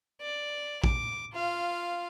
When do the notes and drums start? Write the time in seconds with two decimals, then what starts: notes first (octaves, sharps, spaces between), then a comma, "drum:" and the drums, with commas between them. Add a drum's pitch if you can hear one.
0.21 D5
0.84 D6, drum: kick
1.34 F4 F5